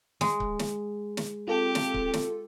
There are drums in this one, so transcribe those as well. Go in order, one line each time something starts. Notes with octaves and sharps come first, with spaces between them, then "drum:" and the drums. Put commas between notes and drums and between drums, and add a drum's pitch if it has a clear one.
G#3, drum: snare
drum: kick C#1
drum: snare
drum: snare
C4 F4 G4 A4
drum: snare
drum: kick C#1
drum: snare